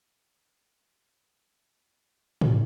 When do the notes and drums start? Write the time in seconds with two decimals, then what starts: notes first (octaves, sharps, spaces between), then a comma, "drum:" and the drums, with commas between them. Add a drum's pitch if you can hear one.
0.10 F#4 D5
2.41 drum: tom